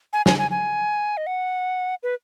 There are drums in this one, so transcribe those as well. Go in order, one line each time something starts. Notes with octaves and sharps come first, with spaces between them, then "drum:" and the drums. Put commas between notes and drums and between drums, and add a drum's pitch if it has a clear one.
G#5
G#5, drum: snare
G#5
G#5
D#5
F#5
B4